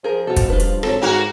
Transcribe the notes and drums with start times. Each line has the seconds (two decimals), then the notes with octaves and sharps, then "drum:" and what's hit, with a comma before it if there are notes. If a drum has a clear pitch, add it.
0.04 F3 G#4 A#4
0.27 B2 F4 A4
0.36 drum: kick, hi-hat
0.50 G2 F4 B4
0.60 drum: hi-hat
0.83 G#1 A4 C#5, drum: rim click
1.02 G#2 A#3 F#4 A#4